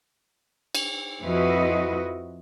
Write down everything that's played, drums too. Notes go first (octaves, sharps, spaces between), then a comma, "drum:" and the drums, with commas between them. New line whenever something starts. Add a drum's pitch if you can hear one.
drum: cymbal
F2 F3 E4 F#4 B4 D#5